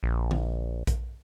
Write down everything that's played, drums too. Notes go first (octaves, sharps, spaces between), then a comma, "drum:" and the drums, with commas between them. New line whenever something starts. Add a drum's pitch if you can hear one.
A#1
drum: tom D3
drum: kick A#1, hi-hat